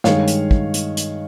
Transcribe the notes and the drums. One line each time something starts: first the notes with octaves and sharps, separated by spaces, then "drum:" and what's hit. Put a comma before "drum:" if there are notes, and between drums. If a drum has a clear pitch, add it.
G2 D#3 G#3 C#5 F5, drum: snare
drum: hi-hat
drum: kick
drum: hi-hat
drum: hi-hat